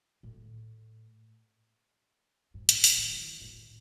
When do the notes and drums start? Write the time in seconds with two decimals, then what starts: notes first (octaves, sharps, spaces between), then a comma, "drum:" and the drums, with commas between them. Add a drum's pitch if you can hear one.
0.23 A2
2.54 G#2
2.69 A2, drum: hi-hat
2.84 C3, drum: open hi-hat
2.97 D#3
3.13 E3
3.41 A2